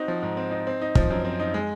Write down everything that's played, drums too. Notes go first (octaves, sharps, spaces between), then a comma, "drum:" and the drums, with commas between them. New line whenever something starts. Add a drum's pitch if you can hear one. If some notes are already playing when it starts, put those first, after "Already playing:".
Already playing: C4 D#4 F#4
F3
G#2
C4
D#4
C4
D#4
F3, drum: kick
F#2
C4
D#4
G#3